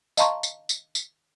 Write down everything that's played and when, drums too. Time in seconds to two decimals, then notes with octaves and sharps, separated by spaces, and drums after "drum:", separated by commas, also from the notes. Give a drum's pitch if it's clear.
0.17 D#5 F5 A5 A#5 C6 C#6, drum: tambourine
0.43 drum: tambourine
0.69 drum: tambourine
0.95 drum: tambourine